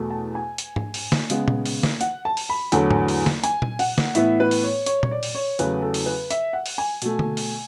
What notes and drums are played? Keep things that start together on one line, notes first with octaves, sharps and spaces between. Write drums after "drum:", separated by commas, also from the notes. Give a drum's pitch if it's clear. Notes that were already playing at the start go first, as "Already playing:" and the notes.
Already playing: E2 B2 A3
A5
G#5
drum: hi-hat
drum: tom G#2
drum: open hi-hat
drum: snare
C#3 G#3 B3, drum: hi-hat
drum: tom A#2
drum: open hi-hat
drum: snare
F#5, drum: hi-hat
A5
drum: open hi-hat
B5
E2 D3 F#3 A3, drum: hi-hat
drum: tom G#2
drum: open hi-hat
drum: snare
G#5, drum: hi-hat
drum: tom A#2
F#5, drum: open hi-hat
drum: snare
A2 E3 B3 E5, drum: hi-hat
B4
drum: open hi-hat
C#5
C#5, drum: hi-hat
C#5, drum: tom A#2
D5
drum: open hi-hat
C#5
E2 C#3 F#3 A3 B4, drum: hi-hat
A4
drum: open hi-hat
B4
E5, drum: hi-hat
F#5
drum: open hi-hat
G#5
B2 A3, drum: hi-hat
drum: tom D3
drum: open hi-hat